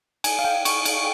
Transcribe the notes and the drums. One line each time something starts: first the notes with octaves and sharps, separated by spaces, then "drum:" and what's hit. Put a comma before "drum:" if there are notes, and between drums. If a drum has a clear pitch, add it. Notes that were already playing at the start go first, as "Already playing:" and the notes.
G#5, drum: cymbal
F5
G5
C#6, drum: cymbal
drum: cymbal